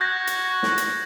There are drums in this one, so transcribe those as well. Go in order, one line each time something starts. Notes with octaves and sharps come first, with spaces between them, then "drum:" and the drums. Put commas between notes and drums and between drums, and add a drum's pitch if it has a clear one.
F#4 G6 G#6 A#6
drum: hi-hat
drum: snare
drum: hi-hat